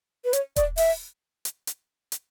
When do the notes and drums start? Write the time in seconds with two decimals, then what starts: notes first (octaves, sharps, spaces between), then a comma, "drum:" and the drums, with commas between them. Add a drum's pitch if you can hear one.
0.25 B4
0.33 C#5, drum: hi-hat
0.56 D5, drum: kick D#1, hi-hat
0.78 E5, drum: open hi-hat
1.45 drum: hi-hat
1.67 drum: hi-hat
2.12 drum: hi-hat